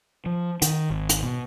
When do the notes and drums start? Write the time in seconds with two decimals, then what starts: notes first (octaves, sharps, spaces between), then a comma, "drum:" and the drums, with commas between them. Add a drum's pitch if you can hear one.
0.26 F3
0.62 D#3, drum: hi-hat
0.90 G#1
1.09 drum: hi-hat
1.23 B2